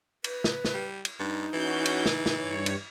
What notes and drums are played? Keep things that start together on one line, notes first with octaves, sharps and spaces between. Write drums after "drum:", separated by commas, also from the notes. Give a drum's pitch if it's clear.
B4, drum: cymbal
drum: snare
drum: snare
G3
drum: cymbal
G2 D#4
E3 C#4 F#4 G6
drum: cymbal
drum: snare
drum: snare
G2 C#5
drum: cymbal